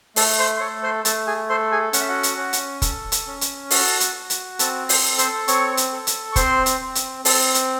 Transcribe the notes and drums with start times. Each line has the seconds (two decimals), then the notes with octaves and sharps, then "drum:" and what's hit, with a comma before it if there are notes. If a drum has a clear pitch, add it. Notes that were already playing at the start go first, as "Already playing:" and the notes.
0.16 A3 A4 A5, drum: open hi-hat
0.39 C5 C6
0.57 C6
0.60 A4 C#5 C#6
0.83 C5 C6
1.05 A3 A4 A5, drum: hi-hat
1.27 G#4 G#5
1.49 A4 C5 C6
1.72 G#4 G#5
1.93 C#4 F#5, drum: hi-hat
2.01 E5
2.09 F#4 F#5
2.23 drum: hi-hat
2.37 C#4
2.53 drum: hi-hat
2.82 A4, drum: kick, hi-hat
3.12 drum: hi-hat
3.27 C#4
3.41 drum: hi-hat
3.71 F#4 A4 A5, drum: open hi-hat
4.00 drum: hi-hat
4.15 F#4
4.30 drum: hi-hat
4.59 C4 A4 A5, drum: hi-hat
4.89 C5 C6, drum: open hi-hat
5.03 A4
5.18 C5 C6, drum: hi-hat
5.48 C4 C#5 C#6, drum: hi-hat
5.77 drum: hi-hat
5.92 A4
6.07 drum: hi-hat
6.32 C#6
6.36 C4 C5 C6, drum: kick, hi-hat
6.66 drum: hi-hat
6.80 C4
6.95 drum: hi-hat
7.25 C4 A4 A5, drum: open hi-hat
7.54 drum: hi-hat